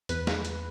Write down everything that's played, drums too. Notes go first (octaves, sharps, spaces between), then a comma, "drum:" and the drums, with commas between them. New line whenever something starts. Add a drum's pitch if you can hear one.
E2 B4, drum: hi-hat
drum: snare
drum: hi-hat